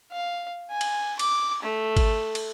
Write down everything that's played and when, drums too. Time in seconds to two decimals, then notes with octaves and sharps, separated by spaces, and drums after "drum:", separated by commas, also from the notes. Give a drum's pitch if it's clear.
0.12 F5
0.71 G#5
0.81 drum: cymbal
1.19 D6, drum: cymbal
1.63 A3
1.97 drum: kick G#1, cymbal
2.35 drum: cymbal